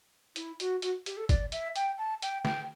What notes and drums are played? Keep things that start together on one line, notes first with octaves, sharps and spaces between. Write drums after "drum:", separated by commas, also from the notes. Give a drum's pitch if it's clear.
E4, drum: hi-hat
F#4, drum: hi-hat
F#4, drum: hi-hat
G4, drum: hi-hat
A4
D5, drum: kick, hi-hat
E5, drum: hi-hat
G5, drum: hi-hat
A5
G5, drum: hi-hat
G5, drum: snare